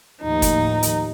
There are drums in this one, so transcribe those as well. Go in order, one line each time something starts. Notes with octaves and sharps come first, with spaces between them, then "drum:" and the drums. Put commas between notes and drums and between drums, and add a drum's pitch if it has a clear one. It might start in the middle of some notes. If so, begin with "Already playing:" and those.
D#2 A2 F3 D#4
drum: kick F#1, hi-hat
drum: hi-hat